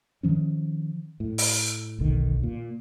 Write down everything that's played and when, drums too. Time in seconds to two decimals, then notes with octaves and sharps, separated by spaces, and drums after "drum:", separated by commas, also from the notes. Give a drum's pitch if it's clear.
0.23 D#3 F3 C#4
1.20 A2
1.38 drum: open hi-hat
1.99 F1 B1 D3 D#3
2.43 A#2